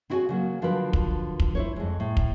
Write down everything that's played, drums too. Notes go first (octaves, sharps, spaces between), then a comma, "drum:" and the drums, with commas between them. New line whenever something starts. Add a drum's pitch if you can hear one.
C4 E4 F#4 G#4 C#5 G#5
C#3 F#3 A#3
D3 F3 F#3 F4 A#4 B4
drum: kick
drum: kick
E4 C5 C#5
F2 G#3
A2
drum: kick